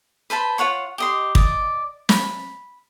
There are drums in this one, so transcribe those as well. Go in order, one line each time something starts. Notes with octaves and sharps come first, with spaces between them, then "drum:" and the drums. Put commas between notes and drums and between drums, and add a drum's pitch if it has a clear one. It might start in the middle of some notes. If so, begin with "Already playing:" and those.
B4 C5 A5 B5
F4 C#5 F#5 C#6
G4 D#5 C6
D5 D#5, drum: kick
B5, drum: snare